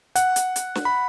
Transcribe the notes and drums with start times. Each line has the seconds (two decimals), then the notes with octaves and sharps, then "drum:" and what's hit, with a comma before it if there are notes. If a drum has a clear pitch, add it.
0.16 F#5, drum: hi-hat
0.36 drum: hi-hat
0.56 drum: hi-hat
0.75 drum: snare
0.85 B5